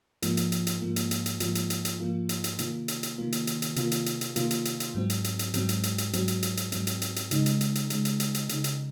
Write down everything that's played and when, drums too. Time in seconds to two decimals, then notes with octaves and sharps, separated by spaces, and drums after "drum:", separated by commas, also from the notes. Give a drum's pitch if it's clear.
0.22 G#2 F3 A#3 F4, drum: hi-hat
0.37 drum: hi-hat
0.52 drum: hi-hat
0.67 drum: hi-hat
0.81 G#2 F3 A#3 F4
0.96 drum: hi-hat
1.11 drum: hi-hat
1.26 drum: hi-hat
1.40 G#2 F3 A#3 F4, drum: hi-hat
1.55 drum: hi-hat
1.70 drum: hi-hat
1.85 drum: hi-hat
2.00 G#2 F3 A#3 F4
2.29 drum: hi-hat
2.44 drum: hi-hat
2.59 C3 D#3 A#3 F4, drum: hi-hat
2.88 drum: hi-hat
3.03 drum: hi-hat
3.18 C3 D#3 A#3 F4
3.32 drum: hi-hat
3.47 drum: hi-hat
3.62 drum: hi-hat
3.76 C3 D#3 A#3 F4, drum: hi-hat
3.91 drum: hi-hat
4.06 drum: hi-hat
4.21 drum: hi-hat
4.36 C3 D#3 A#3 F4, drum: hi-hat
4.51 drum: hi-hat
4.65 drum: hi-hat
4.80 drum: hi-hat
4.95 G#2 F#3 C4
5.10 drum: hi-hat
5.24 drum: hi-hat
5.39 drum: hi-hat
5.54 G#2 F#3 C4, drum: hi-hat
5.69 drum: hi-hat
5.83 drum: hi-hat
5.98 drum: hi-hat
6.13 G#2 F#3 C4, drum: hi-hat
6.28 drum: hi-hat
6.43 drum: hi-hat
6.57 drum: hi-hat
6.72 G#2 F#3 C4, drum: hi-hat
6.87 drum: hi-hat
7.02 drum: hi-hat
7.16 drum: hi-hat
7.31 C#3 G#3 D#4, drum: hi-hat
7.46 drum: hi-hat
7.61 drum: hi-hat
7.75 drum: hi-hat
7.90 C#3 G#3 D#4, drum: hi-hat
8.05 drum: hi-hat
8.20 drum: hi-hat
8.34 drum: hi-hat
8.49 C#3 G#3 D#4, drum: hi-hat
8.64 drum: hi-hat